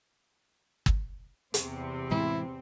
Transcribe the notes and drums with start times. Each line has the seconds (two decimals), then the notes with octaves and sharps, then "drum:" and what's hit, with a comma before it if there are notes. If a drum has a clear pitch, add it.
0.86 drum: kick
1.54 E2 C3 C4, drum: hi-hat
2.11 A2 E3 G#3 E4